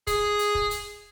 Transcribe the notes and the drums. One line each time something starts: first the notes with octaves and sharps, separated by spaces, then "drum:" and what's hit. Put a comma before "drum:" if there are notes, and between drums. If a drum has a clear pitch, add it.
G#4, drum: kick, hi-hat
drum: hi-hat
drum: kick
drum: hi-hat